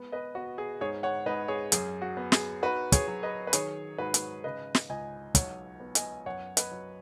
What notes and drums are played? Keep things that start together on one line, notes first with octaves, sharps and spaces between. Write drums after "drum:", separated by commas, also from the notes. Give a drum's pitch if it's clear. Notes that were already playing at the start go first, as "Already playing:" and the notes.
Already playing: G#3 B3
B4 D#5
B3 F#4
G#4
G#2 G#4 C#5
C#5 F#5
G#2 B4 D#5
G#4 C#5
F#2 G#4, drum: hi-hat
F#4
B3
G#4, drum: snare
D#4 F#4 B4
G#4 C#5, drum: kick, hi-hat
F#3
B4 D#5
B4
D#3 G#4 C#5, drum: hi-hat
G#2 F#4 B4
drum: hi-hat
C#3 B4 D#5
drum: snare
C#2 D#5 G#5
B1 C#5 F#5, drum: kick, hi-hat
B3
D#5 G#5, drum: hi-hat
F#2 C#5 F#5
B4 D#5, drum: hi-hat
F#3